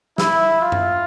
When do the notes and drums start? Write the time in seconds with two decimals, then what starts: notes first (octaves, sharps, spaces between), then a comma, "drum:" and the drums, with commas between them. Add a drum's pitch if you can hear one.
0.18 E4, drum: snare
0.60 F4
0.72 drum: tom F#2